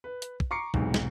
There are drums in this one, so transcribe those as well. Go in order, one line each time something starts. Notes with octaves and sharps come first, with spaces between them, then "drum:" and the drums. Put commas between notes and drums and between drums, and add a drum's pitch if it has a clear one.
B4
drum: hi-hat
drum: kick
A#5 C#6 D6 C7 C#7
B1 E2 G#2 C3, drum: kick
drum: snare